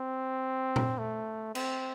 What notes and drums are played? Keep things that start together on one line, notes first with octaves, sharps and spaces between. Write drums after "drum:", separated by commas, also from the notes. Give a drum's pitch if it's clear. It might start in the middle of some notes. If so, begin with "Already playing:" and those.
Already playing: C4
drum: tom A#2
A3
C4, drum: cymbal